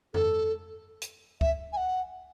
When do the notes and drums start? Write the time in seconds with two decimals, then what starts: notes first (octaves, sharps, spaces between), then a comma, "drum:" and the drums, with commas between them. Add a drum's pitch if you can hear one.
0.14 A4, drum: tom F2
1.02 drum: hi-hat
1.41 E5, drum: kick C#2
1.73 G#5
1.77 F#5